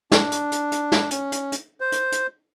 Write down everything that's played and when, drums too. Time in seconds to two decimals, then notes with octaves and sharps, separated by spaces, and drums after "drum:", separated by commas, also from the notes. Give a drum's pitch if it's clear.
0.12 D4, drum: snare
0.32 drum: hi-hat
0.52 drum: hi-hat
0.72 drum: hi-hat
0.92 drum: snare
1.11 C#4, drum: hi-hat
1.32 drum: hi-hat
1.52 drum: hi-hat
1.80 C5
1.92 drum: hi-hat
2.12 drum: hi-hat